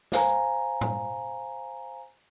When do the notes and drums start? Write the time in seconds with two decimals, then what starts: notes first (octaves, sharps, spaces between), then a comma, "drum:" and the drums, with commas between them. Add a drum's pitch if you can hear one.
0.12 C5 F5 G#5 A#5, drum: snare
0.81 drum: tom A2